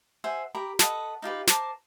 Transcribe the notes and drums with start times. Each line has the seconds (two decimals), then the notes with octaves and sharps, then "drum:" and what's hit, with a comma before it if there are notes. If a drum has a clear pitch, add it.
0.24 C5 E5 F#5 G#5
0.55 G4 A#4 A#5 B5
0.79 A4 B4 D#5 F#5, drum: snare
1.22 D#4 F4 G4 B4
1.47 A#4 C5 A5 D6, drum: snare